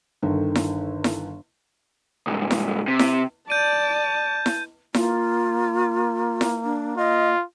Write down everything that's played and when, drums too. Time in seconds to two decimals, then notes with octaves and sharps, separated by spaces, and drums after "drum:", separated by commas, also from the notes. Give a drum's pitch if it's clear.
0.22 G1 D3 D#3
0.55 drum: snare E4
1.04 drum: snare E4
2.27 C2 G#2
2.51 drum: snare E4
2.88 C3
2.99 drum: snare E4
3.50 D5 A5 G6 D#7
4.46 drum: snare E4
4.94 A#3 F4, drum: snare E4
6.41 drum: snare E4
6.64 D4
6.97 F4 D#5